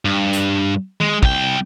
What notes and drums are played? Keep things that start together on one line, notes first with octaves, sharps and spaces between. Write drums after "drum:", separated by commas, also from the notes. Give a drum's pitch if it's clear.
G2
drum: hi-hat
G#3, drum: tom D#3
C2 G5, drum: kick